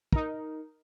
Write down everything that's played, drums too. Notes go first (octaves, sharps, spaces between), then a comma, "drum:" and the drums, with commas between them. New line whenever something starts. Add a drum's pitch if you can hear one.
D#4 A#4, drum: kick